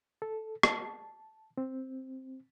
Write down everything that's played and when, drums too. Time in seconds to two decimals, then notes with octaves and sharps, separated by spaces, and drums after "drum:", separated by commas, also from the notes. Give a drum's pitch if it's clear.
0.22 A4
0.63 A5, drum: rim click
1.58 C4